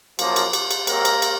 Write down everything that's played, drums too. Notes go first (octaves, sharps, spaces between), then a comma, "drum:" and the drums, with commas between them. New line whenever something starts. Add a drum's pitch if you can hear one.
F#2 F3 A#3, drum: cymbal
drum: cymbal
drum: cymbal
drum: cymbal
G#2 F#3 A#3 C4 A#4, drum: cymbal
drum: cymbal
drum: cymbal